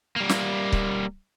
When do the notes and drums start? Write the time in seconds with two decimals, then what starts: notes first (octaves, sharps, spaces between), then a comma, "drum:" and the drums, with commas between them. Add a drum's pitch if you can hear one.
0.16 G3 A#3
0.29 drum: snare
0.72 drum: kick C#1